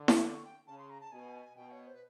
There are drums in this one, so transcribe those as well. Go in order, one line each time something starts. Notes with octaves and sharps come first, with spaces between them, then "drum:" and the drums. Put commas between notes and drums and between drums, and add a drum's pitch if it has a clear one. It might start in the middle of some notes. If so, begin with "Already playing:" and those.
Already playing: D3
C#6, drum: snare E4
D6
C#6
G5
C#3 A5
C6
A#5
A5
B2 G#5
B2 G5
C#5
C5
B4